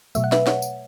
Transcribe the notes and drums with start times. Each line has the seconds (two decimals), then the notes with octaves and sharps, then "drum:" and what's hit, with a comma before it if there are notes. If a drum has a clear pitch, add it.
0.15 B2 F#3 A3 E5, drum: tambourine
0.24 F#5
0.32 B4 E5, drum: snare
0.47 C#5 F#5, drum: snare
0.62 drum: tambourine